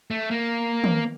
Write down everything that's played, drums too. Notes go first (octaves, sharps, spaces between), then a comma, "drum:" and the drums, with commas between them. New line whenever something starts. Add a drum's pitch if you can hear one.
A3
A#3
drum: tom